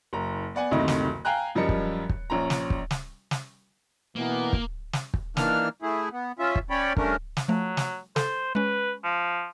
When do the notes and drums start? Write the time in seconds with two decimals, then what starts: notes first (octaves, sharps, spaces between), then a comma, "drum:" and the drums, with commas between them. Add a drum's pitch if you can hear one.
0.13 F#1 A#5
0.55 B3 D5 F#5 G#5
0.71 F#1 D2 C3 D#3 A3 D#5
0.88 drum: snare
1.25 F5 G5 G#5 A#5 F#6
1.55 F#2 F3 G3 A#4 D#5 C#7
1.69 drum: kick
2.09 drum: kick
2.30 A#1 C#4 A#5
2.50 drum: snare
2.70 drum: kick
2.91 drum: snare
3.31 drum: snare
4.16 B2 E3 A#3 B3
4.53 drum: kick
4.93 drum: snare
5.14 drum: kick
5.37 D#3 E3 A#3 D4 F6, drum: snare
5.82 A3 E4 G#4
6.12 B3
6.39 C#4 F4 E5
6.56 drum: kick
6.70 C#4 C#5 D5 G5 B5
6.97 G2 A3 C#4 D4 A#4, drum: kick
7.37 drum: snare
7.48 F3 F#3 A3
7.77 drum: snare
8.16 A4 C5, drum: snare
8.55 G#3 C#4 B4
9.04 F3